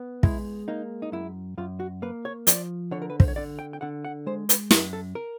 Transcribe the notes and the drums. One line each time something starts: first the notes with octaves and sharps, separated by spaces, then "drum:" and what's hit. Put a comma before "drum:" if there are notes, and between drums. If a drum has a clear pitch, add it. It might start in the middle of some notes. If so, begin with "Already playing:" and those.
Already playing: B3
G#3 E4, drum: kick
A#3 D#4
D#4
F#2 E4
F#2 F4
F#4
A#3 B4
C#5
F3 D5, drum: hi-hat
D3 C#5
A#4
B4
C5, drum: kick
C#5
D3 D5
G5
G5
D3 F#5
F#5
G#3 C5
B4, drum: hi-hat
F#2 A#4, drum: snare
A4
A#4